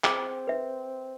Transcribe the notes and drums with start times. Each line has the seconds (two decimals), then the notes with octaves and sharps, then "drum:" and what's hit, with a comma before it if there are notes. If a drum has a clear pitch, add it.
0.04 C4 G#4, drum: clap
0.47 B4 E5